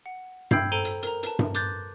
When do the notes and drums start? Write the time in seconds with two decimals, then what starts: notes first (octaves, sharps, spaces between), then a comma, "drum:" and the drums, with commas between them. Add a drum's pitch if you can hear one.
0.06 F#5
0.51 G5 B5 E6 G6 G#6 C7, drum: tom G2
0.72 A4 C5 A#5 D7 D#7 G7
0.85 drum: hi-hat
1.03 A#4 A#5, drum: hi-hat
1.23 B4 A5, drum: hi-hat
1.39 drum: tom G2
1.54 C6 D6 F#6 G6 A6, drum: hi-hat